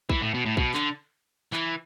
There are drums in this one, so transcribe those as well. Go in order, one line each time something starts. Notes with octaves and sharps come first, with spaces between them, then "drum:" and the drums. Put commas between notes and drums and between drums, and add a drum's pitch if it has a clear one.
E3, drum: kick A#1
A2
B2
A2
B2, drum: kick A#1
D3, drum: clap
E3, drum: clap